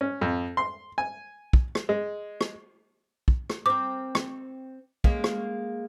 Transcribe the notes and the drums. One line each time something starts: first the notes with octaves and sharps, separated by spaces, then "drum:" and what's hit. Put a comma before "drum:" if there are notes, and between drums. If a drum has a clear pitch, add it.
C#4
F2
C6
G#5
drum: kick
drum: rim click
G#3
drum: rim click
drum: kick
drum: rim click
C4 A#4 D6
drum: rim click
G#3 A#3 C#4, drum: kick
drum: rim click